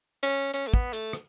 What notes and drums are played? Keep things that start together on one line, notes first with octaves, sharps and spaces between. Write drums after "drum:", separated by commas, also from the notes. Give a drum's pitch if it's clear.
C#4
C#4, drum: hi-hat
A3
B3, drum: kick
A3, drum: hi-hat
drum: rim click